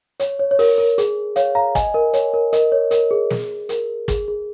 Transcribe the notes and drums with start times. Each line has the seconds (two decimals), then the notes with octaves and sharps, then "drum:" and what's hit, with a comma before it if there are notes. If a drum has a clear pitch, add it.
0.20 C#5, drum: hi-hat
0.39 C#5
0.51 C#5
0.59 A#4, drum: open hi-hat
0.78 A#4
0.98 G#4, drum: hi-hat
1.36 C#5 F5, drum: hi-hat
1.55 F5 A#5
1.75 D#5 G#5, drum: kick, hi-hat
1.94 A#4 D#5
2.14 C#5, drum: hi-hat
2.34 A#4
2.53 A#4 D#5, drum: hi-hat
2.72 C#5
2.91 A#4, drum: hi-hat
3.11 G#4
3.30 drum: snare
3.69 A#4, drum: hi-hat
4.08 G#4, drum: kick, hi-hat
4.28 G#4